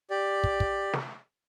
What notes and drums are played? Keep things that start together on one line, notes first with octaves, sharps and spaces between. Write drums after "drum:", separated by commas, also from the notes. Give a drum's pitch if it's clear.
G4 D5
drum: kick
drum: kick
drum: snare